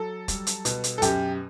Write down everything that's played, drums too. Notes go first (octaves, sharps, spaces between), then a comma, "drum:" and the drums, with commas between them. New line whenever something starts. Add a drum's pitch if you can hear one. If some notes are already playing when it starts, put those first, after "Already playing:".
Already playing: F#3 A4
G3, drum: kick E1, hi-hat
drum: hi-hat
B2, drum: hi-hat
drum: hi-hat
A4
F#2 G4, drum: hi-hat